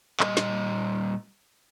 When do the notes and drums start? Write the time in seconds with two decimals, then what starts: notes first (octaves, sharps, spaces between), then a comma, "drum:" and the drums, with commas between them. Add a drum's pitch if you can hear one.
0.20 A#2 G3 D#5, drum: clap
0.37 drum: snare